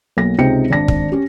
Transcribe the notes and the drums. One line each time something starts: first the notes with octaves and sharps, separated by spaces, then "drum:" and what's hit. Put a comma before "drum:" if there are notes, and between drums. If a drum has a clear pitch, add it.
B1 A#3 A#6
C#2 C3 D#4 G5 C#7
G#1 D4 A#6
drum: kick
C#4 G4